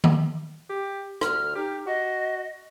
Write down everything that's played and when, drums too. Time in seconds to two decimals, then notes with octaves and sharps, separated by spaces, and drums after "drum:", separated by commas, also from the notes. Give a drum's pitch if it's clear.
0.04 drum: tom D#3
0.69 G4
1.21 D2 F6, drum: rim click
1.55 D#4 G4
1.86 F#4 D#5